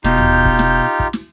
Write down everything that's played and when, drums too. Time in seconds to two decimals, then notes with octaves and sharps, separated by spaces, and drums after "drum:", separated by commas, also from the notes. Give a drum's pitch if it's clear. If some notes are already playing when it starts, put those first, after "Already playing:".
0.04 E1 B2 D#4 F4 G4 G6, drum: snare
0.18 drum: tom D#2
0.45 drum: kick
0.59 drum: snare
1.00 drum: kick
1.13 drum: snare